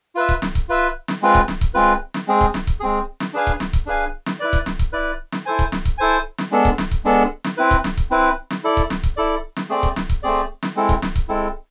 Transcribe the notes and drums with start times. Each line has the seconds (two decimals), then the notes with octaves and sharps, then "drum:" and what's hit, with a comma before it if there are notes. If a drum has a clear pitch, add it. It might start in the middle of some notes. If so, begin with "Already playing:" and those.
0.15 F4 B4 E5
0.29 drum: kick C#1
0.42 drum: snare
0.55 drum: kick C#1
0.69 F4 B4 E5
1.08 drum: snare
1.22 G#3 C4 F4 B4
1.35 drum: kick C#1
1.48 drum: snare
1.61 drum: kick C#1
1.74 G#3 C4 F4 B4
2.14 drum: snare
2.28 G#3 C4 G#4
2.41 drum: kick C#1
2.54 drum: snare
2.67 drum: kick C#1
2.80 G#3 C4 G#4
3.20 drum: snare
3.34 D4 G#4 B4 F5 G#5
3.47 drum: kick C#1
3.60 drum: snare
3.73 drum: kick C#1
3.86 D4 G#4 B4 F5 G#5
4.26 drum: snare
4.40 E4 B4 D5
4.53 drum: kick C#1
4.66 drum: snare
4.79 drum: kick C#1
4.93 E4 B4 D5
5.32 drum: snare
5.46 E4 A4 C5 G#5
5.59 drum: kick C#1
5.72 drum: snare
5.85 drum: kick C#1
5.98 E4 A4 C5 G#5
6.38 drum: snare
6.51 G#3 B3 D4 A4
6.65 drum: kick C#1
6.78 drum: snare
6.91 drum: kick C#1
7.05 G#3 B3 D4 A4
7.44 drum: snare
7.57 C4 E4 B4
7.71 drum: kick C#1
7.84 drum: snare
7.97 drum: kick C#1
8.11 C4 E4 B4
8.50 drum: snare
8.64 E4 A4 D5
8.77 drum: kick C#1
8.90 drum: snare
9.03 drum: kick C#1
9.16 E4 A4 D5
9.56 drum: snare
9.69 A3 C4 G#4 D5
9.83 drum: kick C#1
9.96 drum: snare
10.09 drum: kick C#1
10.23 A3 C4 G#4 D5
10.63 drum: snare
10.76 G#3 C4 E4 A4
10.89 drum: kick C#1
11.02 drum: snare
11.16 drum: kick C#1
11.28 G#3 C4 E4 A4